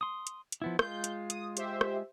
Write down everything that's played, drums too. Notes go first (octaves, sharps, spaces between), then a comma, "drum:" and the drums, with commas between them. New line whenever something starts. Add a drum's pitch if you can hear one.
C6 D#6
drum: hi-hat
drum: hi-hat
F3 B3 E4
G#3 F4 G6, drum: rim click
drum: hi-hat
D#6, drum: hi-hat
G4 C5 E5, drum: hi-hat
drum: rim click